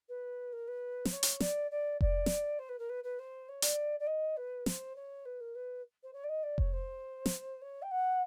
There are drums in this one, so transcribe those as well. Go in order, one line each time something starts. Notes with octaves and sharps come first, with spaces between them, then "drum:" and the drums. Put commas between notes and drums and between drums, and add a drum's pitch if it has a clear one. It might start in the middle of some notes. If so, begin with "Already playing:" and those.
B4
A#4
B4
C5, drum: snare
C#5
drum: hi-hat
D5, drum: snare
D5
D5, drum: kick F1
drum: snare
C5
B4
A#4
B4
B4
C5
C#5
D5, drum: hi-hat
D5
D#5
B4
C5, drum: snare
C#5
B4
A#4
B4
C5
C#5
D5
D#5
D5
C#5, drum: kick F1
C5
drum: snare
C#5
G5
F#5